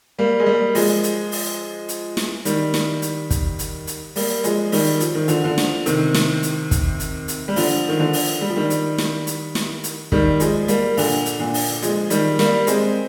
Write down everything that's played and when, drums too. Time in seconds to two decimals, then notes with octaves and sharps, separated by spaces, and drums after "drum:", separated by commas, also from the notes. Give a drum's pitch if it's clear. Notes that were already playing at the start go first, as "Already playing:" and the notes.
0.19 G3 A#3
0.39 G#3
0.46 G3 A#3
0.75 F3 G#3, drum: open hi-hat
1.03 drum: hi-hat
1.32 drum: open hi-hat
1.88 drum: hi-hat
2.17 drum: snare
2.45 D#3 G3, drum: hi-hat
2.74 drum: snare
3.02 drum: hi-hat
3.30 drum: kick, hi-hat
3.59 drum: hi-hat
3.87 drum: hi-hat
4.16 G3 A#3, drum: open hi-hat
4.44 F3 G#3, drum: hi-hat
4.72 D#3 G3, drum: open hi-hat
5.00 F3, drum: hi-hat
5.14 D#3
5.28 D3 F3, drum: hi-hat
5.44 D3 F3
5.58 drum: snare
5.86 C3 D#3, drum: hi-hat
6.14 drum: snare
6.43 drum: hi-hat
6.71 drum: kick, hi-hat
7.00 drum: hi-hat
7.28 drum: hi-hat
7.48 G3
7.56 D3 F3, drum: open hi-hat
7.88 D#3
7.99 D3 F3
8.13 drum: open hi-hat
8.41 G3
8.49 F3
8.56 D#3 G3
8.70 drum: hi-hat
8.98 drum: snare
9.27 drum: hi-hat
9.55 drum: snare
9.84 drum: hi-hat
10.12 D#3 G3, drum: kick
10.40 F3 G#3, drum: hi-hat
10.68 G3 A#3, drum: hi-hat
10.97 A#2 D3, drum: open hi-hat
11.26 drum: hi-hat
11.40 A#2 D3
11.54 drum: open hi-hat
11.82 F3 G#3, drum: hi-hat
12.10 D#3 G3, drum: hi-hat
12.39 G3 A#3, drum: snare
12.67 G#3 C4, drum: hi-hat